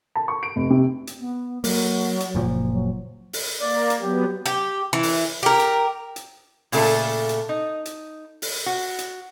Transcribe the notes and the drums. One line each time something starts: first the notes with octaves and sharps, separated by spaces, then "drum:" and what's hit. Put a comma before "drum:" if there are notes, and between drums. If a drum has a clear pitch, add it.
A5
C#6
D7
F1
C3
drum: hi-hat
B3
F#3 A#3, drum: open hi-hat
drum: hi-hat
F#1 A#2 F3
F#3
drum: open hi-hat
A#3 D5
drum: hi-hat
F#3 B3 G4
G4, drum: hi-hat
E3
drum: open hi-hat
G4 A#4
drum: hi-hat
drum: hi-hat
A#2 C#3 A3 F4 A4, drum: open hi-hat
drum: hi-hat
D#4
drum: hi-hat
drum: open hi-hat
F#4
drum: hi-hat